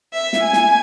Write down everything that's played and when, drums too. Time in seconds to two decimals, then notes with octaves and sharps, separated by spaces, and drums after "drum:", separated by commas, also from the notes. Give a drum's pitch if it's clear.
0.14 E5
0.33 drum: snare
0.43 G#5
0.53 drum: snare